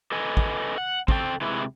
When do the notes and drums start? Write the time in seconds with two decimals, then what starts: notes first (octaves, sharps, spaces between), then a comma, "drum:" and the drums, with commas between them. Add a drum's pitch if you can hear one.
0.12 A4 B4 D#5 G#5
0.37 drum: kick
0.78 F#5
1.08 C4 A4 G5, drum: kick
1.41 C3 G#3 E4 B4